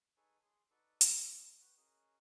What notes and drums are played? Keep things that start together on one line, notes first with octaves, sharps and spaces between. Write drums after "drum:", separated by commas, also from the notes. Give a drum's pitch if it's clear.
D#4 G#4 A4 B4 C#5 G#5
G#4 C6
D#4 F#4 A4 B4 D5 C#6
A4 C#5 D#5, drum: hi-hat
F#4 B4 F#5 G5
C#4 F#4 G#4 A#4 D#5